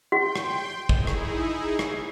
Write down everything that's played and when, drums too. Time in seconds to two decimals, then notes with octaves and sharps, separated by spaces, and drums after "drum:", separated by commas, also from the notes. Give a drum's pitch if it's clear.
0.12 F#4 G5 C6 G6
0.36 drum: rim click
0.89 D#4 E4 G#4, drum: kick
1.07 drum: rim click
1.79 drum: rim click